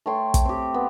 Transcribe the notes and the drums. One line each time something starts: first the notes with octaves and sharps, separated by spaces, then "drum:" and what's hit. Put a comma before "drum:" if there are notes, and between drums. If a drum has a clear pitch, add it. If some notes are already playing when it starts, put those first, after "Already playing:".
A3 C#5 G5 C6
drum: kick, hi-hat
C4 G4
B3